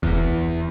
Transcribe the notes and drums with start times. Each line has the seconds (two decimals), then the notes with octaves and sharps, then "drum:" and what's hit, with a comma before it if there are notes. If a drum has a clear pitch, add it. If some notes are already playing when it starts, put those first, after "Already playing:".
0.03 E2, drum: kick E1